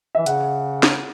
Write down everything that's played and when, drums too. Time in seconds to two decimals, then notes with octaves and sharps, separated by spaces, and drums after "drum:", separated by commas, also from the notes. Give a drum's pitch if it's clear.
0.15 E3 E5
0.26 C#3 F#5, drum: hi-hat
0.83 drum: snare